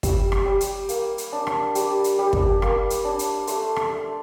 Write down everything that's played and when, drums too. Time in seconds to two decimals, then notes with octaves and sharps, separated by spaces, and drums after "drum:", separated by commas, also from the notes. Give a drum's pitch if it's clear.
0.03 G3 E6, drum: kick, hi-hat
0.32 drum: rim click
0.46 G3
0.61 drum: hi-hat
0.89 A#3, drum: hi-hat
1.18 drum: hi-hat
1.32 D4
1.47 drum: rim click
1.75 G3 D6, drum: hi-hat
2.04 drum: hi-hat
2.19 G3
2.33 drum: kick
2.62 A#3, drum: rim click
2.90 drum: hi-hat
3.05 D4
3.19 drum: hi-hat
3.47 A3 C6, drum: hi-hat
3.76 drum: rim click
3.90 A3